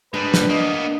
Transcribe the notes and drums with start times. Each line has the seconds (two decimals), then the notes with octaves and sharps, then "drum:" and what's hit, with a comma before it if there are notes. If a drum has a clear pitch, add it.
0.14 G3 G#3 D4 B4
0.34 drum: snare
0.50 A#3 B3 D#5